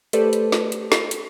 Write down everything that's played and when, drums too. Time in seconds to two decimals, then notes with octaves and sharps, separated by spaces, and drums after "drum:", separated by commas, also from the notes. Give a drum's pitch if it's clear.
0.13 A3 G4 A4 B4 C5 D5, drum: hi-hat
0.33 drum: hi-hat
0.52 drum: snare
0.72 drum: hi-hat
0.92 drum: snare
1.11 drum: hi-hat